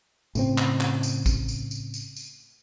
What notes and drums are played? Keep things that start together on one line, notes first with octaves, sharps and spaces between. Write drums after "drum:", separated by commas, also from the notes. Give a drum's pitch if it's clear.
A2 C#3 C4, drum: tambourine
drum: clap
drum: clap
drum: tambourine
drum: kick, tambourine
drum: tambourine
drum: tambourine
drum: tambourine
drum: tambourine